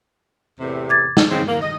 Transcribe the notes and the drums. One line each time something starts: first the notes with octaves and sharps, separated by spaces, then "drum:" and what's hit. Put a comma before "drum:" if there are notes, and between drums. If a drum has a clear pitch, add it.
E2 A2 C3
D6 G#6 A6
drum: snare
C#3 G#3 C4
A#3
D#5